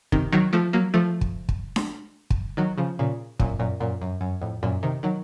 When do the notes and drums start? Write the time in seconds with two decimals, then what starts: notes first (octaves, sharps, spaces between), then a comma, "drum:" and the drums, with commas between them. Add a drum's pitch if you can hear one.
0.12 C3 D#3, drum: kick
0.33 D#3 F#3
0.53 F3 A3
0.73 F#3 A#3
0.94 F3 A3
1.21 drum: kick
1.49 drum: kick
1.76 drum: snare D4
2.30 drum: kick
2.57 D#3 F#3
2.78 C#3 F3
2.99 A#2 C#3
3.40 F#2 A#2, drum: kick
3.59 F#2 A#2
3.80 F#2 A#2
4.02 F#2
4.21 F#2
4.42 F2 A2
4.63 F#2 A#2
4.83 C3 D#3
5.03 D#3 F#3